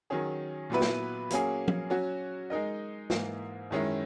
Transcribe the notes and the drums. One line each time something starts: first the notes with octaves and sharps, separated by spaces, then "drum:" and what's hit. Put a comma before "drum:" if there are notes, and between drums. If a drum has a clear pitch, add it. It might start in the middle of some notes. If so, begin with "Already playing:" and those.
D#3 F#3 C#4 G#4
A#2 F#3 B3 E4 B4
drum: snare
F#3 A#3 C#4 G#4, drum: hi-hat
drum: tom
F#3 C#4 F#4
G#3 D#4 A#4 D#5
G#2 E3 A#3, drum: snare
F#2 D#3 G#3 C#4 E4